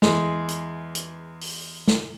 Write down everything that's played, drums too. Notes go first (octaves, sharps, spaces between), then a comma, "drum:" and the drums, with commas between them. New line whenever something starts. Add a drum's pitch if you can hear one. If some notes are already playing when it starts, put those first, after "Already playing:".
E2 G#3, drum: snare
drum: hi-hat
drum: hi-hat
drum: open hi-hat
drum: snare